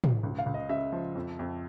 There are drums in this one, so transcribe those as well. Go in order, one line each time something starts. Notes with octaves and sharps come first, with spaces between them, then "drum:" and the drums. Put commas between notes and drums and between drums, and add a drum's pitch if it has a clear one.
drum: tom
C#2
F5
C#2
D#5
C#3 E5
F3
F2
F2